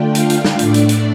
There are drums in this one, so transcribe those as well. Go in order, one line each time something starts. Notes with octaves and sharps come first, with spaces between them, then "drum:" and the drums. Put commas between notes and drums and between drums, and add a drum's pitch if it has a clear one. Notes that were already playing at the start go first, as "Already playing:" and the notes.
Already playing: D3 A3 D4 F4 G5
F5, drum: hi-hat
drum: hi-hat
drum: snare
A2 A3 D4 D5, drum: hi-hat
drum: hi-hat
drum: hi-hat